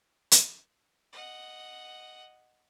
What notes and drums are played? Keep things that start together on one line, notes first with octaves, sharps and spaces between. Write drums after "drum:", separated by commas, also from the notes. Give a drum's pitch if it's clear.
drum: hi-hat
D#5 F#5